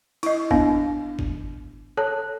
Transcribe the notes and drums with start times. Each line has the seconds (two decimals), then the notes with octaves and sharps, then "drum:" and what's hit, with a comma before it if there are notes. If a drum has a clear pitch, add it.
0.23 E4 D#5, drum: cymbal
0.51 B3 D4 F5, drum: kick
1.19 drum: kick
1.97 A4 C#5 A5